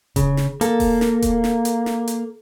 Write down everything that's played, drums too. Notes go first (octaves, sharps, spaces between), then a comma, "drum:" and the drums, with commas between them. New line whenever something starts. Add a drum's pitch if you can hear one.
C#3, drum: kick D#1, hi-hat
drum: snare
A#3 A4, drum: hi-hat
drum: kick D#1, open hi-hat
drum: snare
drum: kick D#1, hi-hat
drum: snare
drum: hi-hat
drum: snare
drum: hi-hat